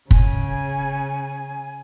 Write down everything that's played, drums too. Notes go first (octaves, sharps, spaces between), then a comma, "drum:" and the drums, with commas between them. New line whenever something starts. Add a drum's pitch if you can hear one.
C#3 G#5, drum: kick